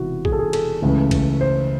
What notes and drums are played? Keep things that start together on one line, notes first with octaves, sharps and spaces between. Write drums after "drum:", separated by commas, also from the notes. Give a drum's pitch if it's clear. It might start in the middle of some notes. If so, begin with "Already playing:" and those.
Already playing: E1 E2 C3 E4 F#4
G#4, drum: kick
A4
G#4
A4, drum: cymbal
C#2 C#3 E3 A3
drum: kick, cymbal
C5